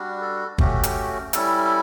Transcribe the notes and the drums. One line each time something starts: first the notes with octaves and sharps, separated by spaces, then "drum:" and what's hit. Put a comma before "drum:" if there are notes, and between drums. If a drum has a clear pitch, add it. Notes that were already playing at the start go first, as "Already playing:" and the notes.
Already playing: G3 D4 F#4
A4
A3 C#4 F#4 G4, drum: kick
drum: hi-hat
G3 C#4 E4 A4, drum: hi-hat